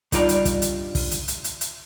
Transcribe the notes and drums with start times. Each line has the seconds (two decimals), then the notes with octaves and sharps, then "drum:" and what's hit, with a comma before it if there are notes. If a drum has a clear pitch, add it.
0.12 G2 G3 D#4 F4 D5 A#5, drum: kick, hi-hat
0.29 drum: hi-hat
0.45 drum: kick, hi-hat
0.62 drum: hi-hat
0.95 drum: kick, open hi-hat
1.11 drum: hi-hat
1.28 drum: hi-hat
1.44 drum: hi-hat
1.61 drum: hi-hat